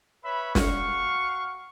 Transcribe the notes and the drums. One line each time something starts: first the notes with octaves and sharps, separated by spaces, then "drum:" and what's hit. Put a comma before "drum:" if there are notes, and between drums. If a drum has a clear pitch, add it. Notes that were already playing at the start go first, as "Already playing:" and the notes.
B4 C#5 E5 B5
F#4 F5 C#6, drum: snare